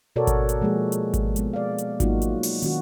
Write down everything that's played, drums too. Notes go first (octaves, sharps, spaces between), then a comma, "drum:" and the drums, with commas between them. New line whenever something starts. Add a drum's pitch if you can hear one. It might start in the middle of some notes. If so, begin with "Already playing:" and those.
B2 F#4 A4 A#4 C#5 D5
drum: kick G#1, hi-hat
drum: hi-hat
F3 G#3 A#3 G#4
drum: hi-hat
drum: kick G#1, hi-hat
G#3 B3, drum: hi-hat
D5 F5
drum: hi-hat
F#3 A#3 D#4 F4 F#4, drum: kick G#1, hi-hat
drum: hi-hat
drum: open hi-hat
D#3 C#4 F#4, drum: hi-hat